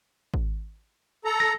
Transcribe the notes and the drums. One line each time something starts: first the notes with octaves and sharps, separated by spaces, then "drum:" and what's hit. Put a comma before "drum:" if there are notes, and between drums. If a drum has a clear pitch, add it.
drum: kick G#1
A4 A#5
A#6